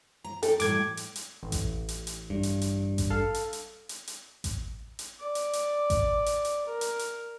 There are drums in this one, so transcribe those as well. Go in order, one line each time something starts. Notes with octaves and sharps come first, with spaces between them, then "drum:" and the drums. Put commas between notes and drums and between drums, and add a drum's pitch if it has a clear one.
A#5
A4 G5, drum: hi-hat
A2 G3 D6 G#6, drum: hi-hat
drum: hi-hat
drum: hi-hat
A1
drum: kick A1, hi-hat
drum: hi-hat
drum: hi-hat
G2
drum: hi-hat
drum: hi-hat
drum: kick A1, hi-hat
A4 F5
drum: hi-hat
drum: hi-hat
drum: hi-hat
drum: hi-hat
drum: kick A1, hi-hat
drum: hi-hat
D5
drum: hi-hat
drum: hi-hat
drum: kick A1, hi-hat
drum: hi-hat
drum: hi-hat
A#4
drum: hi-hat
drum: hi-hat